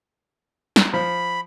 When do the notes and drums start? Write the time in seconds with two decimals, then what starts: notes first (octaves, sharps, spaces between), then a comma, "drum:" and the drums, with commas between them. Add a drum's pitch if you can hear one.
0.76 drum: snare
0.93 F3 B5